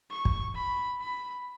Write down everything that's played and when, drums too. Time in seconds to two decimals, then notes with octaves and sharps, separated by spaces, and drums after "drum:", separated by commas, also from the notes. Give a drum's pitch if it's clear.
0.11 C#6
0.25 drum: kick
0.55 B5
1.01 B5